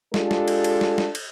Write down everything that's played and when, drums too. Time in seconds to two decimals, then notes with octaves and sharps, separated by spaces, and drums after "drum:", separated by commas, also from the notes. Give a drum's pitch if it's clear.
0.14 G#3 D4 F4 G4 A4, drum: snare
0.31 drum: snare
0.48 drum: cymbal
0.64 drum: cymbal
0.81 drum: snare
0.98 drum: snare
1.15 drum: cymbal